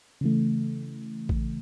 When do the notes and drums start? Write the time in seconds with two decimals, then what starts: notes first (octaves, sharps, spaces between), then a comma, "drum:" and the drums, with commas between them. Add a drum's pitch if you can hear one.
0.21 C#3 E3 A3
1.29 drum: kick A1